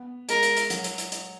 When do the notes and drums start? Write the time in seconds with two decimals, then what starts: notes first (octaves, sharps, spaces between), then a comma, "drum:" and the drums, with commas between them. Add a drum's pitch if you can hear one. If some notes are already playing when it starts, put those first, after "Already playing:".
Already playing: B3
0.29 G#3 A#4, drum: hi-hat
0.43 drum: hi-hat
0.57 drum: hi-hat
0.70 F#3, drum: hi-hat
0.84 drum: hi-hat
0.98 drum: hi-hat
1.12 drum: hi-hat